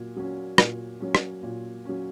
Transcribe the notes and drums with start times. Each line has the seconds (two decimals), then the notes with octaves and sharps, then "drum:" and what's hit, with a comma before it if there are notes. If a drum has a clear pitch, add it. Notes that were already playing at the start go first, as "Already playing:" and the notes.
Already playing: A#2 F#3
0.16 F#3 C#4
0.58 A#2, drum: rim click
1.00 F#3 C#4
1.15 drum: rim click
1.43 A#2
1.85 F#3 C#4